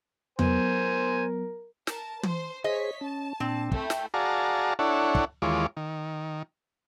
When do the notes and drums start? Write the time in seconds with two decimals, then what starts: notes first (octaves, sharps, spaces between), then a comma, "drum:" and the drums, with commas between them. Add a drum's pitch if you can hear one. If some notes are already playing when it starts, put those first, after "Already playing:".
0.39 F#3 B3 A#4 C5 G#5, drum: tom E2
1.87 A#4 A5, drum: snare
2.23 C5 C6, drum: tom
2.64 G#4 C5 C#5 D#5 B6
3.01 C#4 A5
3.40 A#2 C4 D4
3.72 A3 E4 G5, drum: kick
3.90 drum: snare
4.14 F#4 G#4 D5 F5 A5 A#5
4.79 D4 E4 A4 C#5 F#5
5.15 drum: kick
5.42 D#2 E3 G#3 F4 C#5 D6
5.77 D#3